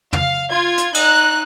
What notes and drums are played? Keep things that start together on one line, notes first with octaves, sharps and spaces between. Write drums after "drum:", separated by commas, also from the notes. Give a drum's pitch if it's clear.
F5, drum: tom
F4 G#6
drum: hi-hat
D#4 F#6, drum: cymbal